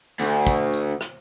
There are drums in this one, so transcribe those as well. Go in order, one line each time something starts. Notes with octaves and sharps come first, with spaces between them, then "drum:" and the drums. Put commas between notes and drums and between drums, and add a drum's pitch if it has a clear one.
D2, drum: tambourine
drum: kick, tambourine
drum: tambourine
drum: rim click